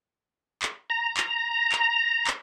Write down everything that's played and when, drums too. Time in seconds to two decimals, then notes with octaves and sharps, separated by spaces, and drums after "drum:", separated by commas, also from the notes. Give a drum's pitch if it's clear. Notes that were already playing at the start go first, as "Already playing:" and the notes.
0.62 drum: clap
0.90 A#5
1.17 drum: clap
1.72 drum: clap
2.27 drum: clap